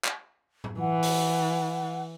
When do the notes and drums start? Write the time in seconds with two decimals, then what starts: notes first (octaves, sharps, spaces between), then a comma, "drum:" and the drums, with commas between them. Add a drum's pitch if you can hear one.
0.05 drum: clap
0.64 drum: tom A2
0.80 E3 F#5
1.03 drum: open hi-hat